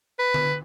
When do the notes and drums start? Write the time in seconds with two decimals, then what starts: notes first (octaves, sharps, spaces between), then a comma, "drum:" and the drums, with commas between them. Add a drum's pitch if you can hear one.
0.19 B4
0.34 drum: tom D3